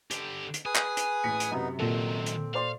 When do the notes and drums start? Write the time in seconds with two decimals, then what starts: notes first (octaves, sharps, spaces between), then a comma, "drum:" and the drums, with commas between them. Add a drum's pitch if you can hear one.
0.11 D3 G4, drum: hi-hat
0.54 drum: hi-hat
0.66 G#4 B4 G#5 D#6
0.75 drum: clap
0.97 drum: hi-hat
1.23 A1 B6 C#7
1.40 drum: hi-hat
1.51 F#2 C3 B3 D#4
1.80 A#2 D#3 F#3 C4 A4
2.26 drum: hi-hat
2.54 C5 D5 F5 C6